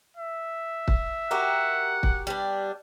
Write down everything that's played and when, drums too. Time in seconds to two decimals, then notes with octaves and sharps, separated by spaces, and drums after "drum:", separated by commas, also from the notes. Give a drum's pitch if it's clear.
0.17 E5
0.88 drum: kick
1.31 F#4 G4 A#4 F#5
2.03 drum: kick
2.27 G3 B3 D4